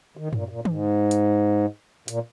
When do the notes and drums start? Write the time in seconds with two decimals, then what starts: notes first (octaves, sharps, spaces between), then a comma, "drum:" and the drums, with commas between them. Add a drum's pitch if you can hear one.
0.17 D#3
0.33 A#2, drum: tom F#2
0.49 A#2
0.65 G#2, drum: tom
1.11 drum: hi-hat
2.08 A#2, drum: hi-hat